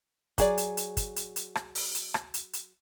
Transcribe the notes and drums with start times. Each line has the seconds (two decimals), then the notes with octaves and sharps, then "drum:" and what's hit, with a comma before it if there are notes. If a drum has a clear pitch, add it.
0.38 F#3 G#4 D5, drum: kick, hi-hat
0.58 drum: hi-hat
0.77 drum: hi-hat
0.97 drum: kick, hi-hat
1.16 drum: hi-hat
1.36 drum: hi-hat
1.55 drum: rim click
1.75 drum: open hi-hat
1.95 drum: hi-hat
2.14 drum: rim click
2.34 drum: hi-hat
2.53 drum: hi-hat